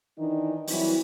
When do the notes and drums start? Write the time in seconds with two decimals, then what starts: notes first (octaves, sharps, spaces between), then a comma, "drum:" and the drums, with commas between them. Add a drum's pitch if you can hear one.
0.17 D#3 E3 D4 D#4
0.67 E3 F#3 G3 C4 E4, drum: open hi-hat